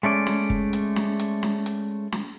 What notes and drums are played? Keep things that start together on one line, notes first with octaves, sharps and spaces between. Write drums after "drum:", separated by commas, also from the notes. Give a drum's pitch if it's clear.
G#3 A3 C#4 D5
drum: snare
drum: kick
drum: hi-hat
drum: snare
drum: hi-hat
drum: snare
drum: hi-hat
drum: snare